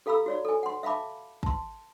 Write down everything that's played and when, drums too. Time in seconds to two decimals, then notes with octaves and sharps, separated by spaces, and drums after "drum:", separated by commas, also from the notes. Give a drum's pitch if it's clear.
0.06 G4 A4 F5 A#5 B5 E6
0.26 F#4 C#5 D5
0.45 A4 G#5
0.63 F#5 C6
0.83 E5 F5 A5 B5 D6
1.43 A5 C6, drum: kick